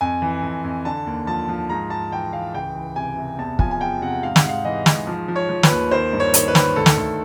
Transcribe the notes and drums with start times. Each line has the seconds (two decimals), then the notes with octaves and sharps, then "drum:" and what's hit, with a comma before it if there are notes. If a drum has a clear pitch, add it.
0.01 F2 G#5
0.22 E3
0.43 F2
0.64 F2
0.85 D3 A5
1.06 D#2
1.27 F3 A5
1.49 F3
1.69 G#2 A#5
1.90 G#2 A5
2.12 E3 G5
2.33 E3 F5
2.54 C#2 G5
2.75 E3
2.96 C3 G#5
3.17 C3
3.38 E2 A5
3.59 F3 G#5, drum: kick
3.71 G#5
3.80 E2 G5
4.02 C3 F#5
4.23 G#2 F5
4.36 F#5, drum: snare
4.44 G#2 F5
4.65 E3 D#5
4.86 G#2, drum: snare
5.07 F3
5.28 F3
5.36 C#5
5.49 F3
5.63 B4, drum: snare
5.70 D#2
5.91 D#3 C5
6.13 G2
6.20 C#5
6.34 D#3, drum: hi-hat
6.48 B4
6.55 D#3, drum: snare
6.76 D2 A4
6.86 drum: snare
6.97 D2